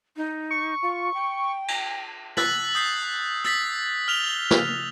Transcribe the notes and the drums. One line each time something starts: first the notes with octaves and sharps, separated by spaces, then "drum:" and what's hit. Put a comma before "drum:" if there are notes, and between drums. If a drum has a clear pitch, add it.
D#4
C#6
F4
G5
drum: cymbal
E6 F#6 A6 B6 F#7, drum: snare
D#6 G6 B6 C7
E6 A6 B6, drum: hi-hat
F6 F7 G7
drum: snare